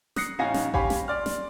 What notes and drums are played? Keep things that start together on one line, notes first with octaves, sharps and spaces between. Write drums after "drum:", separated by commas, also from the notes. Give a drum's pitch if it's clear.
D#6 F#6 A#6 C7 C#7, drum: snare
A1 C#4 D#4 F5 G#5 A#6
drum: snare
G4 C#5 F5 G#5 B5, drum: kick A1
drum: snare
D5 C6 F6
drum: snare